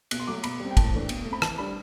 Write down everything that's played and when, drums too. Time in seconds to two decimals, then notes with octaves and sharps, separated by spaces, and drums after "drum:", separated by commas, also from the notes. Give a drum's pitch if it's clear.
0.11 B2 F#6, drum: cymbal
0.20 C6
0.27 F#3 A3 D6
0.44 B2 B5, drum: cymbal
0.60 G3 C4
0.71 G5
0.77 A2 A5, drum: kick, cymbal
0.93 E3 A3 D4
1.09 B2, drum: cymbal
1.25 A3
1.31 C4 B5
1.42 E3 A5, drum: rim click
1.58 G3 D4 B5